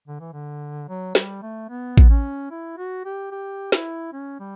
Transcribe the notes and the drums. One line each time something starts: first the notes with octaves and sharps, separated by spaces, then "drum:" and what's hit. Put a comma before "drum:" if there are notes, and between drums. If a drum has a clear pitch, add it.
D3
E3
D3
F#3
G3, drum: snare
A3
B3
drum: kick A1
C#4
E4
F#4
G4
G4
E4, drum: snare
C#4
G3